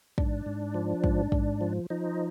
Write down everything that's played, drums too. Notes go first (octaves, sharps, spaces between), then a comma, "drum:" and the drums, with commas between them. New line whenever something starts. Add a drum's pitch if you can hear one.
G#2 D4, drum: kick
G#2
F3
G#2, drum: kick
G#2, drum: kick
F3
F3 D#4